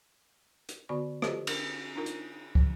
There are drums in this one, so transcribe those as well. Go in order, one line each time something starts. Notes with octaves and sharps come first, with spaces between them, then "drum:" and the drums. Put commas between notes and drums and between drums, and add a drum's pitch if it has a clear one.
drum: hi-hat
D3 B3 F#4 D5 B5 C#6
F4 G4 A4 B4 C5 D#5, drum: rim click
D4 A#4, drum: cymbal
D4 D#4 F4 A#4
drum: hi-hat
drum: kick